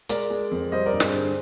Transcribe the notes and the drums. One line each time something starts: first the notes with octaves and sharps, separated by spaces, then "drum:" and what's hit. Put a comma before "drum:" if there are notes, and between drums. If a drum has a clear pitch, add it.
G#3 A#4 D5, drum: hi-hat
G#3
F2
G3 C5 D#5
A#4 D5
G2
G#4 C5, drum: snare
D3